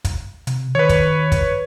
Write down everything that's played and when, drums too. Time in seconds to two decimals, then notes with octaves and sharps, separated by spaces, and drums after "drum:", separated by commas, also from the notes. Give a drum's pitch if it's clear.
0.05 drum: kick, hi-hat
0.47 C3, drum: hi-hat
0.75 D#3 B4 C#5
0.89 drum: kick, hi-hat
1.32 drum: kick, hi-hat